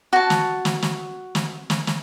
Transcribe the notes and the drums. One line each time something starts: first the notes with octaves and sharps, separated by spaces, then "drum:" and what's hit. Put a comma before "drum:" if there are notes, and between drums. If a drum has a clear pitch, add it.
F#4 A5
drum: snare
drum: snare
drum: snare
drum: snare
drum: snare
drum: snare